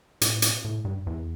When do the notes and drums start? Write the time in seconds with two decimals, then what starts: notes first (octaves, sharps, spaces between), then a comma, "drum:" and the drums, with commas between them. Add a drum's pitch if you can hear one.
0.21 A2, drum: hi-hat
0.42 drum: hi-hat
0.65 A2
0.85 G2
1.07 E2